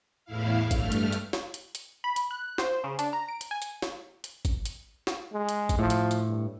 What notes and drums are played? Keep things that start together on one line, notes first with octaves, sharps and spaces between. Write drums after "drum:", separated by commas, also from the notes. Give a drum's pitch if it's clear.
E2 A2 E4 F5
G2 A3 F6, drum: kick, hi-hat
drum: hi-hat
drum: hi-hat
drum: snare
drum: hi-hat
drum: hi-hat
B5
drum: hi-hat
F#6
C5, drum: snare
C#3
D4, drum: hi-hat
A#5
D7
drum: hi-hat
G#5
drum: hi-hat
drum: snare
drum: hi-hat
drum: kick, hi-hat
drum: hi-hat
drum: snare
G#3
drum: hi-hat
drum: kick, hi-hat
A2 F3
drum: hi-hat
drum: hi-hat
G2